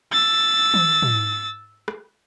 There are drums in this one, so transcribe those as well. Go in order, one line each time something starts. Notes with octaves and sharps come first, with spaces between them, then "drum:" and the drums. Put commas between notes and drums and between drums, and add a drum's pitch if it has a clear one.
E6 A6
drum: tom
drum: tom
drum: rim click